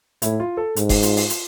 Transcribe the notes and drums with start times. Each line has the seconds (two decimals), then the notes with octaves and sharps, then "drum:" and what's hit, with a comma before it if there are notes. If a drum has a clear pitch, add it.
0.22 A2 E4, drum: hi-hat
0.40 F4
0.57 A4
0.76 G#2, drum: hi-hat
0.89 drum: kick F#1, open hi-hat
1.03 F4, drum: hi-hat
1.16 drum: open hi-hat
1.30 drum: hi-hat